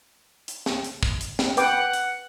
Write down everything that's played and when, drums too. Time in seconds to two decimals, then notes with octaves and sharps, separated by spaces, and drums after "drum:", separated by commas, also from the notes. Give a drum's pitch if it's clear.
0.48 drum: hi-hat
0.66 drum: snare
0.84 drum: hi-hat
1.03 drum: kick
1.21 drum: hi-hat
1.39 drum: snare
1.57 B4 F#5 G5 D6, drum: hi-hat
1.93 drum: hi-hat